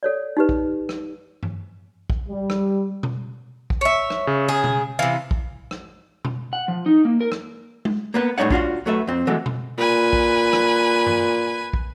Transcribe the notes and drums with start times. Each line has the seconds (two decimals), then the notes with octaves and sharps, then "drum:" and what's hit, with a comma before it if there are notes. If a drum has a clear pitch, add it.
0.03 A4 C#5 D5
0.37 D#4 G4 B4
0.49 drum: kick
0.89 drum: rim click
1.43 drum: tom G2
2.10 drum: kick
2.29 G3
2.50 drum: rim click
3.03 drum: tom B2
3.70 drum: kick
3.81 C#5 E5
4.10 drum: rim click
4.27 C#3
4.49 G#4
4.64 drum: tom B2
4.99 C3 E3 F5
5.31 drum: kick
5.71 drum: rim click
6.25 drum: tom B2
6.53 F#5
6.68 F3
6.86 D#4
7.05 A#3
7.21 A#4
7.32 drum: rim click
7.85 drum: tom G#3
8.14 A#3 B3 B4
8.38 A2 G3 D4 D#4 C#5 F#5
8.50 D4 F4 F#4 F#5, drum: kick
8.86 F#3 A3 B4 E5
9.07 F2 C4
9.27 E3 F#3 G#3 A3
9.46 drum: tom B2
9.78 A#2 B4 G#5
10.13 drum: kick
10.53 drum: rim click
11.07 drum: tom G2
11.73 drum: kick